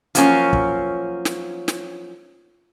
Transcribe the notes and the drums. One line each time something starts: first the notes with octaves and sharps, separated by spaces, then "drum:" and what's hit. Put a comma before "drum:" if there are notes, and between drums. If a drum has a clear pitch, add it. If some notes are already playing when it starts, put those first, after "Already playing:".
F3 F#3 A#3 C#4, drum: hi-hat
drum: kick
drum: snare
drum: snare